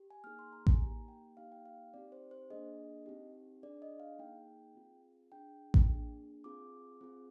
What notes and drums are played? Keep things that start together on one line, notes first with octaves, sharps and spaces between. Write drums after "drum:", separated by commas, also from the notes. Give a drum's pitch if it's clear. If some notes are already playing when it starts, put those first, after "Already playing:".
Already playing: G4
G#5
A#3 D#4 G#4 F6
C6
A#5
G#5, drum: kick A1
A#3 D#4 G4 A#5
G5
A#3 D#4 G4 F5
G5
F5
C4 D#4 G4 D5
C5
C5
A#3 D4 G#4 D#5
C4 D#4 G4
D4 G#4 D5
D#5
F5
A#3 D#4 G#4 G5
C4 F4 G#4
D4 G#4 G5
drum: kick A1
A#3 D4 G#4
C4 F4 G#4 D6
C4 F4 G#4